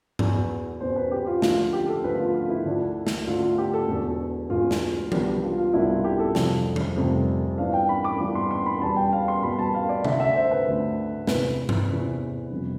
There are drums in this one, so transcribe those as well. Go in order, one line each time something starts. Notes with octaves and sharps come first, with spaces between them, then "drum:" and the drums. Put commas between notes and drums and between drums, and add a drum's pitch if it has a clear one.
E2 B2 B3, drum: tom G2
E2 B2 B3 C5
B4
G4
F4
D2 D3 F3 A3 F4, drum: snare
G4
A4
D2 D3 F3 A3 B4
F4
F4
E4
D2 D3 A3 D4
drum: snare
D2 D3 A3 D4 F4
F4
G4
A4
E1 E2 B2
E1 E2 B2 F4
drum: snare
C2 B2 B3 D4 G4, drum: tom E3
G4
F4
F4
C2 B2 B3 D4 E4
F4
G4
A4
F1 F2 C3 G3, drum: snare
drum: tom E3
F1 F2 C3 G3
G2 E3 B3 D4 F5
G5
B5
D6
G2 E3 B3 D4
C6
C6
B5
E2 B2 G3 B3 A5
G5
F5
C6
E2 B2 G3 B3 B5
A5
F5
D5
D2 D3 A3 E5, drum: tom C3
E5
C5
B4
D2 D3 A3
E2 C3 E3 B4, drum: snare
drum: tom G2
E2 C3 E3
G1 F2 C3